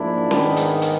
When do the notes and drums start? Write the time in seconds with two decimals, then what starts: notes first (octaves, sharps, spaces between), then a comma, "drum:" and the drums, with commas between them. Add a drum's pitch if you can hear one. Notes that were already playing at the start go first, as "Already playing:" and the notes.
Already playing: G#2 F3 A#3 D4 E4
0.31 G#2 D#3 G#3 B3, drum: snare
0.56 drum: hi-hat
0.82 drum: hi-hat